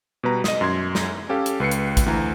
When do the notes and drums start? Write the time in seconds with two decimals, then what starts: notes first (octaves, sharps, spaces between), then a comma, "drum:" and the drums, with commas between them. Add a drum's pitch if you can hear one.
0.23 B2 G3 B4 A#5
0.44 D#5 D#6, drum: snare
0.61 F#2 C6 G#6
0.95 drum: snare
1.29 C#4 G4 A4 F5
1.46 drum: hi-hat
1.60 C#2 B4 C7 C#7
1.71 drum: hi-hat
1.97 drum: kick, hi-hat
2.06 D2 E3 A#5